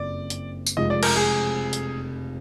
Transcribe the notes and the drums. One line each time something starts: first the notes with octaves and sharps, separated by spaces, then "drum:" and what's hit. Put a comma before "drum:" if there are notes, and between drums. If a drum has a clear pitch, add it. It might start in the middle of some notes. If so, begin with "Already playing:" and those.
Already playing: F#1 F2 D5
drum: hi-hat
drum: tambourine
F1 F2 F3 G#3 D#5
D5
A#4, drum: cymbal
G#4
drum: hi-hat